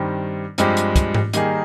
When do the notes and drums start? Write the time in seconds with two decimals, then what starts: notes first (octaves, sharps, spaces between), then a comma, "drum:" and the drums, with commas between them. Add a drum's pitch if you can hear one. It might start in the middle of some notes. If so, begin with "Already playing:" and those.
Already playing: G2 D#3 G3 C4
0.58 G2 F3 G#3 C4 G4, drum: hi-hat
0.77 drum: hi-hat
0.96 drum: kick, hi-hat
1.14 drum: tom G#2
1.33 D#3 G3 A#3 D#4 G#4, drum: hi-hat